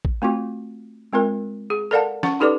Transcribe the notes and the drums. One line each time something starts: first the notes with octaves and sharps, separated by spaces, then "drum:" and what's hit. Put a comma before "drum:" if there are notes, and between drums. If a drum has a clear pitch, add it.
drum: kick
A3 C4 F4 F#4
G#3 C4 F4 A#4
G#4
A4 A#4 D5 F5 F#5 A5
C#4 F#5 C#6, drum: snare
D#4 G4 A4 B4 D5 D6